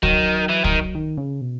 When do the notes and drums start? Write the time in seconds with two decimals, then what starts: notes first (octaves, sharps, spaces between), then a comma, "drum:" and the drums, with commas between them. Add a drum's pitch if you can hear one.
0.03 D#3 F#3, drum: kick
0.49 E3
0.64 D#3, drum: kick
0.95 D#3
1.18 C#3
1.41 B2